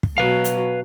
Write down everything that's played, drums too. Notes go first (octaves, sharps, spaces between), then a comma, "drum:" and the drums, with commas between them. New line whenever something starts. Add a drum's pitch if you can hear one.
drum: kick
B2 F#3 B4 F5
drum: hi-hat